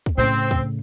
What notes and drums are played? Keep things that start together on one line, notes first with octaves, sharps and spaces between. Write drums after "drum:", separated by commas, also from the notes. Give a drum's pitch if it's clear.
drum: kick
A2 C#3 C4
drum: kick